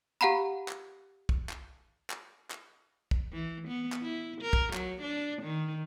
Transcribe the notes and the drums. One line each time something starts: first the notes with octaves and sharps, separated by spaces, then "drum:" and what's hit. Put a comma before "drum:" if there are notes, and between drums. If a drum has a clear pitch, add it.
G4 F5 F#5 A#5 B5
drum: clap
drum: kick
drum: clap
drum: clap
drum: clap
drum: kick
E3
B3
drum: clap
E4
A#4
drum: kick
F#3, drum: clap
D4
D#3